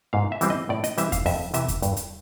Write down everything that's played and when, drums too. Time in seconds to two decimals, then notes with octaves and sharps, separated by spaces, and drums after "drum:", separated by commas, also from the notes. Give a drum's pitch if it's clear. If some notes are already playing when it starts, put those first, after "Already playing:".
0.13 G#2 F5
0.32 E5
0.41 E3 G3 C4 E4, drum: hi-hat
0.50 D#5
0.69 A2 D5
0.84 D#5, drum: hi-hat
0.98 E3 G3 C4 E5, drum: hi-hat
1.12 F5, drum: kick E2, hi-hat
1.26 F2 E5, drum: open hi-hat
1.54 C3 E3 E5, drum: hi-hat
1.68 drum: kick E2, hi-hat
1.82 G2, drum: hi-hat
1.97 drum: hi-hat